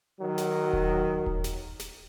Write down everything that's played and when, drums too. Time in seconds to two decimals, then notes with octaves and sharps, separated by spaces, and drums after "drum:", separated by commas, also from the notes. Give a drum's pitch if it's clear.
0.20 D#3 F#3
0.38 drum: snare
0.73 drum: kick D#1
1.26 drum: kick D#1
1.44 drum: snare
1.80 drum: snare